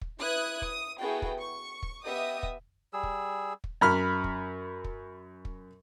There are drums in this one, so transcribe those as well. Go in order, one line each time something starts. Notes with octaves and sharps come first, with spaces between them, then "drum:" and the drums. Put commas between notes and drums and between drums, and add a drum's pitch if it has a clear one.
drum: kick
E4 B4 E5 D#6 F#6 G#6
D#6, drum: kick
B3 E4 F#4 G#4 A4 G5
drum: kick
C#6
drum: kick
B3 G4 D#5 E5 D#6
drum: kick
G3 G#4 E6
drum: kick
drum: kick
F#2 B5 F6
drum: kick
drum: kick
drum: kick